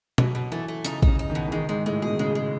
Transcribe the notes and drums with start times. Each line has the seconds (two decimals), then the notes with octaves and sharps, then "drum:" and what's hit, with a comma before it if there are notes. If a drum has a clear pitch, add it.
0.18 B2 F#3, drum: tom B2
0.35 B2
0.52 E3 A3
0.68 A3
0.85 C#3 D#4, drum: hi-hat
1.02 C#3 D#4, drum: kick
1.19 D#4
1.30 D#3
1.35 B2
1.48 E3
1.52 D#3 G#3
1.69 G#2 G#3
1.86 A2 G#3
2.02 B2 G#4
2.11 D#3
2.19 C#3 G#3
2.35 G#3